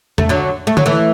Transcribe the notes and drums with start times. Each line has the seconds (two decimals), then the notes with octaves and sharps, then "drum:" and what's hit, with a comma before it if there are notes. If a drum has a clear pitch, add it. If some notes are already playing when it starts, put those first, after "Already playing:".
0.18 A3, drum: tom E2
0.29 D3 F#3
0.67 A3
0.77 F#3, drum: tom
0.86 E3 A3